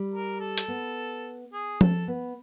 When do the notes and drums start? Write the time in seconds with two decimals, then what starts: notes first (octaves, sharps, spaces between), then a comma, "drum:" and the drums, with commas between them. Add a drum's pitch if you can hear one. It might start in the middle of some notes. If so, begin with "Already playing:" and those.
Already playing: G3
0.13 A#4
0.40 A4
0.58 drum: hi-hat
0.68 B3
1.53 G#4
1.81 C4 A4, drum: tom F3
2.08 B3